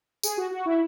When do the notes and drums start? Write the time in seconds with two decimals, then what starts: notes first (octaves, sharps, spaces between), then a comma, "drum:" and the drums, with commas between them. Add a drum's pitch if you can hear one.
0.23 G#4, drum: tambourine
0.37 F#4
0.51 F#4
0.66 E4